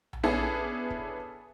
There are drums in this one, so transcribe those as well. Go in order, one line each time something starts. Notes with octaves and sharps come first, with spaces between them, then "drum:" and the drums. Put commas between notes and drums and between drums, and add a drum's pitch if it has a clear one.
drum: tom A#1
B3 C#4 D4 E4 G#4 A4
drum: kick